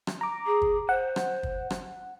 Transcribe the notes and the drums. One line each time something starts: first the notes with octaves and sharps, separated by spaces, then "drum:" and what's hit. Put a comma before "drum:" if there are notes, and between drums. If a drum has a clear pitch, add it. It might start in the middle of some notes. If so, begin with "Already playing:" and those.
drum: rim click
A#5 D6
G#4
drum: kick
C5 F#5
drum: rim click
drum: kick
drum: rim click